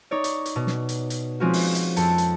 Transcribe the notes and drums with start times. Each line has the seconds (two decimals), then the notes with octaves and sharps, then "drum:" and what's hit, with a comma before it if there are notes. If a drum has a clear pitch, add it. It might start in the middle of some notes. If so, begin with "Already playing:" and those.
0.11 D#4 C#5 D5
0.24 drum: hi-hat
0.46 drum: hi-hat
0.56 B2
0.67 drum: snare
0.89 drum: hi-hat
1.10 drum: hi-hat
1.40 F3 G#3 C4 C#4 F4 F#4
1.53 drum: open hi-hat
1.75 drum: hi-hat
1.97 F2 A4 G5 A5 C#7, drum: hi-hat
2.18 drum: hi-hat